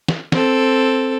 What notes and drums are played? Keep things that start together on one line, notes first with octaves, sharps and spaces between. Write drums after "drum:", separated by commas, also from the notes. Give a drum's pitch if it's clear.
drum: snare
C4 A4, drum: snare